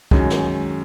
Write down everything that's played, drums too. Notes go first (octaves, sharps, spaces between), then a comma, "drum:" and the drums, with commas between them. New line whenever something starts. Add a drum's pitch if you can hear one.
F#2 D#3 G#3 C#4 F#4, drum: kick
drum: snare